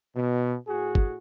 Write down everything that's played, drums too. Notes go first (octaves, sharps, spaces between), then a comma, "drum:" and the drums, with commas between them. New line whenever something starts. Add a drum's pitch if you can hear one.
B2
A2 F#4 G#4
drum: kick G#1